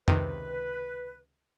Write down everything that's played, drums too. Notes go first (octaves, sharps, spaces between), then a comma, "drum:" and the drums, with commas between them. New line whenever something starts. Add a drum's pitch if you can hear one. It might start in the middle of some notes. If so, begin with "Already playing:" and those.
C#2 C3 D#3 B4, drum: tom F2